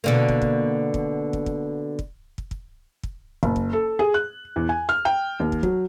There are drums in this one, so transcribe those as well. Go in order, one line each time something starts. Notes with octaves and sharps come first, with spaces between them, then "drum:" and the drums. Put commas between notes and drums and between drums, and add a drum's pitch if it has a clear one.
B2 D3 A#3
drum: kick
drum: kick
drum: kick
drum: kick
drum: kick
drum: kick
drum: kick
drum: kick
drum: kick
F#1, drum: kick
drum: kick
A4
G#4
F#6
E2
G#5
F6
G5
D#2
drum: kick
F#3, drum: kick